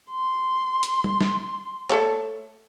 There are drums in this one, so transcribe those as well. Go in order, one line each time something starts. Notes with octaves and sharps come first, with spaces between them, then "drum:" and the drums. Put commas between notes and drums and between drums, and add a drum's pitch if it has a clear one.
C6
drum: hi-hat
drum: tom
drum: snare
A3 A4 C#5, drum: clap